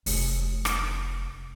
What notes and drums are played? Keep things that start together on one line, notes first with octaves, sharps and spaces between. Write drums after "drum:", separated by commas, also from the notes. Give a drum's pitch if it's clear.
F1, drum: open hi-hat
drum: rim click